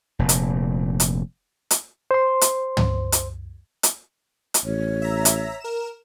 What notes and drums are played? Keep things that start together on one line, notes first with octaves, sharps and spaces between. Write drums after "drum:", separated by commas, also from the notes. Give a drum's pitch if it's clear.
F1 A#2
drum: hi-hat
drum: hi-hat
drum: hi-hat
C5 C6
drum: hi-hat
drum: tom
drum: hi-hat
drum: hi-hat
drum: hi-hat
A1 C#5
E5 A#5
drum: hi-hat
A#4 E7